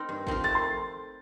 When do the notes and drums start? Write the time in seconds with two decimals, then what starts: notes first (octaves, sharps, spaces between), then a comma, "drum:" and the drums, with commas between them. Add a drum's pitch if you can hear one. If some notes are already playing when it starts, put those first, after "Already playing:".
Already playing: C4 D#4 A#4
0.09 G2
0.27 F3 C4 D#4 A#4, drum: kick
0.44 A3 A6
0.55 C6